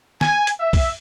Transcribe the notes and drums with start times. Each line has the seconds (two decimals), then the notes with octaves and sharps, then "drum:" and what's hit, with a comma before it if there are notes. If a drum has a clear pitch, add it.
0.21 G#5, drum: snare
0.47 drum: hi-hat
0.60 E5
0.73 drum: kick B1, open hi-hat